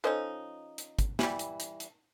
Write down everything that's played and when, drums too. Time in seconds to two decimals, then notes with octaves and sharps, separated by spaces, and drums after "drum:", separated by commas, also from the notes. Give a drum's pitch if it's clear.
0.04 F3 C#4 D#4 A4 C5 D#5
0.78 drum: hi-hat
0.99 drum: kick, hi-hat
1.19 E3 G3, drum: snare
1.39 drum: hi-hat
1.60 drum: hi-hat
1.80 drum: hi-hat